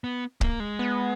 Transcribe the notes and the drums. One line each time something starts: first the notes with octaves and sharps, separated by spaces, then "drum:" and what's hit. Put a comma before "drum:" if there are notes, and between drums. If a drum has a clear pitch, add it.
B3
A#3, drum: kick
G#3
B3